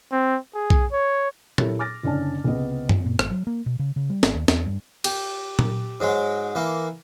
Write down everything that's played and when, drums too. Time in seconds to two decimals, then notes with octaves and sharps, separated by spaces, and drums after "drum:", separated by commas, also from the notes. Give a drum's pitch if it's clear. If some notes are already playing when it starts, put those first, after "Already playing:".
0.12 C4
0.54 G#4
0.70 drum: kick
0.92 C#5
1.58 E4 G4 A4 A#4 C#5, drum: tom A#2
1.79 D6 F6 A6 A#6
2.03 F#1 D3 C#4 D4 D5 A5
2.44 C#2 C3 B3 D#5
2.89 drum: tom F#2
3.06 A#2
3.19 G#1, drum: rim click
3.31 F#3
3.47 A#3
3.66 B2
3.79 C#3
3.96 C#3
4.10 G3
4.23 G#1, drum: snare
4.35 D#2
4.48 E2, drum: snare
4.66 G2
5.04 G4, drum: cymbal
5.59 drum: tom A#2
6.00 G#2 F#3 G#3
6.55 E3 A#3